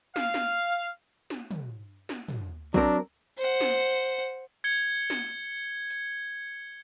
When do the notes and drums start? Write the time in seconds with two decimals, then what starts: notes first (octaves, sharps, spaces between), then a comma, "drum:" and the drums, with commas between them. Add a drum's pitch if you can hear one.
0.16 F5, drum: snare
0.34 drum: snare
1.30 drum: snare
1.51 drum: tom
2.09 drum: snare
2.28 drum: tom
2.74 F#3 C4 D4 A#4, drum: kick
3.38 C5 F#5, drum: hi-hat
3.61 drum: snare
4.64 G#6 C#7 G7
5.10 drum: snare
5.90 drum: hi-hat